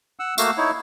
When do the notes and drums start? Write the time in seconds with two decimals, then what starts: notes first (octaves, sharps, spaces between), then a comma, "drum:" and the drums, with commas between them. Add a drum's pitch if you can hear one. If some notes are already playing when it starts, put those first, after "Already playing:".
0.19 F#5 E6
0.38 A3 A#3 F#4 F5 E6, drum: tambourine
0.57 D#4 E4 C#5